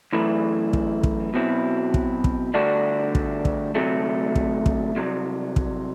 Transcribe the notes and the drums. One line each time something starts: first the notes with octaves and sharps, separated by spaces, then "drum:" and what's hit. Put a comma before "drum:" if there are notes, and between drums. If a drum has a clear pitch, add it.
F#2 E3 A3 E4
drum: kick
drum: kick
B2 F#3 C4 E4
drum: kick
drum: kick
D2 D3 G3 D4 F#4
drum: kick
drum: kick
D2 C3 F#3 A3
drum: kick
drum: kick
C2 C3 F#3
drum: kick